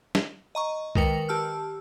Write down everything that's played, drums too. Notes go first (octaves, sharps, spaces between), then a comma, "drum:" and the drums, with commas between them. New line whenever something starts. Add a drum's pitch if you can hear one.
drum: snare
D#5 A#5 C#6
D#3 G#3 A#4 B4 G5 C#7, drum: kick
G4 A5 E6 F6